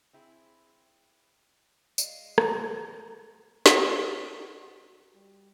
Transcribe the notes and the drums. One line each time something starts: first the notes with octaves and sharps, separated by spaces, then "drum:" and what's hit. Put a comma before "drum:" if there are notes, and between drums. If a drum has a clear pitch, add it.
C4 E4 G#4
G#3 D5 D#5 F5 C7 D#7, drum: tambourine
drum: rim click
drum: snare
F#4
G3